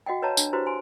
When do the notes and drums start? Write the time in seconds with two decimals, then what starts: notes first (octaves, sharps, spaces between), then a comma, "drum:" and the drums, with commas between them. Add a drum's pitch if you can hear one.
0.06 F#4 D#5 F#5 G5
0.22 B4 C#5 D#5 F5 A5 A#5
0.37 D4, drum: tambourine
0.53 E4 F#4 G4 B4 C5
0.66 G#5 C6